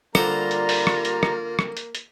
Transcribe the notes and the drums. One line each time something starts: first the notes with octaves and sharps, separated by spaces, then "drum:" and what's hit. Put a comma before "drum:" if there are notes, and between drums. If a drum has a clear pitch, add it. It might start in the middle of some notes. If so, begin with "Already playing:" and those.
D3 G3 A#3 F4 C5 A#5, drum: rim click
drum: hi-hat
drum: open hi-hat
drum: rim click
drum: hi-hat
drum: rim click
drum: rim click
drum: hi-hat
drum: hi-hat